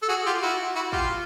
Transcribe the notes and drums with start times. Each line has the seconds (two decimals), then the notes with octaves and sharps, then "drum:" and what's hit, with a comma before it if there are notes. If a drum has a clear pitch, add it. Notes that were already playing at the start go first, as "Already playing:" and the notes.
0.02 A4
0.09 F#4 G#4
0.26 F4 G4
0.42 E4 F#4
0.75 E4 F#4
0.92 F4 G4, drum: kick